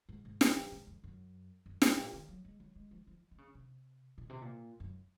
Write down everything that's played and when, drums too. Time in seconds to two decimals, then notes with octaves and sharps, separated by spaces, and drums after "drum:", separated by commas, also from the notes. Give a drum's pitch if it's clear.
0.09 G#2
0.25 G#2
0.41 F#2, drum: snare
0.56 F#2
0.72 G#2
0.87 F2
1.04 F#2
1.66 F#2
1.82 G#2, drum: snare
1.94 G#2
1.98 A#2
2.13 D#3
2.29 F#3
2.45 G#3
2.60 F#3
2.76 G#3
2.91 F3
3.07 F3
3.31 D#3
3.38 C#3
3.55 C3
4.18 A#2
4.29 C3
4.42 A#2
4.80 F#2